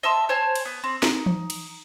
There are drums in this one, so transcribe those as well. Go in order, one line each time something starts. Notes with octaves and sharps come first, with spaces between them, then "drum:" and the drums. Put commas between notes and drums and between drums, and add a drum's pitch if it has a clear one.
D#5 E5 A5 C6
C5 C#5 G#5 A5
drum: cymbal
B3
C4
D#4, drum: snare
drum: tom E3
drum: cymbal